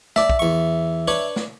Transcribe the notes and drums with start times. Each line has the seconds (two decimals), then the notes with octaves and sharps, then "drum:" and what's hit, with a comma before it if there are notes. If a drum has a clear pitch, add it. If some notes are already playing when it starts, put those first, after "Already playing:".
0.16 D5 E5 A5, drum: snare
0.30 drum: kick
0.39 E2 C#6
1.08 D4 B4 C#5
1.36 drum: snare